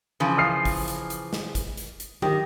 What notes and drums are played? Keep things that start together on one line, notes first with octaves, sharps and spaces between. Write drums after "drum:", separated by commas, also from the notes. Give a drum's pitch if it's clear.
C#3 E3 F3
D#6 F6 C7
drum: kick, open hi-hat
drum: hi-hat
drum: hi-hat
drum: snare
drum: kick, hi-hat
drum: hi-hat
drum: hi-hat
D#3 G4, drum: tom